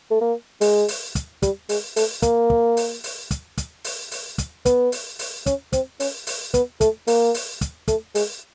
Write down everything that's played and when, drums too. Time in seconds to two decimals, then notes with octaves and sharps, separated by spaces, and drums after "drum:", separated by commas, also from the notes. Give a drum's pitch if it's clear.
0.11 A3
0.21 A#3
0.61 G#3, drum: open hi-hat
0.88 drum: open hi-hat
1.15 drum: kick, hi-hat
1.42 G3, drum: kick, hi-hat
1.69 G#3, drum: open hi-hat
1.96 A3, drum: open hi-hat
2.22 A#3, drum: kick, hi-hat
2.50 drum: kick
2.77 drum: open hi-hat
3.04 drum: open hi-hat
3.31 drum: kick, hi-hat
3.58 drum: kick, hi-hat
3.84 drum: open hi-hat
4.11 drum: open hi-hat
4.38 drum: kick, hi-hat
4.65 B3, drum: kick, hi-hat
4.92 drum: open hi-hat
5.19 drum: open hi-hat
5.46 C#4, drum: kick, hi-hat
5.73 C4, drum: kick, hi-hat
6.00 C#4, drum: open hi-hat
6.27 drum: open hi-hat
6.54 B3, drum: kick, hi-hat
6.81 A3, drum: kick, hi-hat
7.07 A#3, drum: open hi-hat
7.34 drum: open hi-hat
7.61 drum: kick, hi-hat
7.88 A3, drum: kick, hi-hat
8.15 G#3, drum: open hi-hat